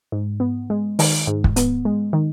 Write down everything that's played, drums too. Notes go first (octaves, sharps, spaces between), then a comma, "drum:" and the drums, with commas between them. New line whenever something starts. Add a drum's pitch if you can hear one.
G#2
B3
G#3
D#3, drum: open hi-hat
G#2
drum: kick
B3, drum: hi-hat
G#3
D#3